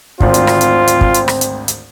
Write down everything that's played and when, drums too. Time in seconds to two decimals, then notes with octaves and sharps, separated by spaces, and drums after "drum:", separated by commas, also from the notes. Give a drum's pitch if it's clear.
0.20 G#1 D2 C4 F4, drum: kick
0.34 drum: hi-hat
0.47 drum: rim click
0.61 drum: hi-hat
0.87 drum: hi-hat
1.01 drum: kick
1.14 drum: hi-hat
1.28 drum: rim click
1.41 drum: hi-hat
1.68 drum: hi-hat